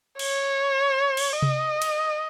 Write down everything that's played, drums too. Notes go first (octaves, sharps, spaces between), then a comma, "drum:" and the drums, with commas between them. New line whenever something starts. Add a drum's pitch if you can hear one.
C#5, drum: cymbal
drum: cymbal
D#5
drum: tom C3
drum: cymbal